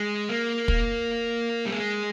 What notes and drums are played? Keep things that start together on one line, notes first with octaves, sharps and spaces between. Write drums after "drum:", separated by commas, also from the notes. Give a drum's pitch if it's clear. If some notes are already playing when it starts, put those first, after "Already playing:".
Already playing: G#3
A#3
drum: kick
G3
G#3